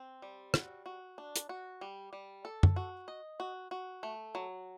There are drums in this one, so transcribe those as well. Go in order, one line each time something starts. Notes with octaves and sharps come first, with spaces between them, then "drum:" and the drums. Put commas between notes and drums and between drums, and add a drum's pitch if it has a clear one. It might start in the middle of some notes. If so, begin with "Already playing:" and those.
Already playing: C4
G3
F#4, drum: rim click
F#4
D4
drum: hi-hat
F#4
G3
G3
A4
drum: tom
F#4
D#5
F#4
F#4
A3
F#3